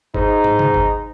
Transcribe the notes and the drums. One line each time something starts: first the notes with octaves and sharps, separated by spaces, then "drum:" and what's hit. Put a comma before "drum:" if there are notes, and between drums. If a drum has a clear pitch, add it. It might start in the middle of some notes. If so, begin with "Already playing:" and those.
G#2 D#4, drum: kick G1
drum: tom
drum: tom C3
drum: kick G1